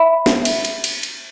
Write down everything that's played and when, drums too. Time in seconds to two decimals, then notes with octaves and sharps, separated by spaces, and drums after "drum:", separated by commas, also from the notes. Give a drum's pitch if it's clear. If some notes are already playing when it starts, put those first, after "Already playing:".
Already playing: E5 B5
0.26 drum: snare
0.45 drum: cymbal
0.65 drum: cymbal
0.84 drum: cymbal
1.03 drum: cymbal